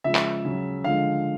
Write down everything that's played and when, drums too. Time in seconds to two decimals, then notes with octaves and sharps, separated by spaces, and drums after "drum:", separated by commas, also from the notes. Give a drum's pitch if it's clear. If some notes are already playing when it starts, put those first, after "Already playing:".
0.04 C#3 F3 G#3 E5
0.15 drum: clap
0.45 C#3 F#3
0.84 D3 F3 G#3 F5